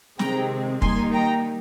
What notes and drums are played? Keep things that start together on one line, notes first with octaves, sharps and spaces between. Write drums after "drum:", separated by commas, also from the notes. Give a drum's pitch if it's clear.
C3 D#3 G#3 C4 G5 A#5, drum: snare
D#3 G3 A#3 D#4 G#5 C6, drum: kick
G5 A#5